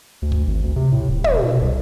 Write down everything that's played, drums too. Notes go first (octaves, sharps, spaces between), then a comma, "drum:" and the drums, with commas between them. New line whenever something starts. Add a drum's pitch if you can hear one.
D2
drum: kick
G#1
D2
C3
A2
D1
E1, drum: tom
B2
C2